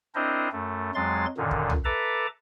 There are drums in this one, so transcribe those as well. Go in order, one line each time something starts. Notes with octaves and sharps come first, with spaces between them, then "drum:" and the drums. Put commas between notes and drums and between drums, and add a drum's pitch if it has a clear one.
C4 D4 E4 A#4 C5 D#5
F#2 A3
F2 F#3 G#3 C6 A6
F#2 A#2 D3 D#3
drum: kick
drum: tom
A4 B4 E5 A5 A#5 D6